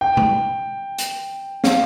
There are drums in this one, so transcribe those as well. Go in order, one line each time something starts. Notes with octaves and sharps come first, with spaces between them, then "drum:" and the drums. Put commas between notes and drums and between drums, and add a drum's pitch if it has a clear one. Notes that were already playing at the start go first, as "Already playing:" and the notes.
G5
drum: tom
drum: hi-hat
F5, drum: snare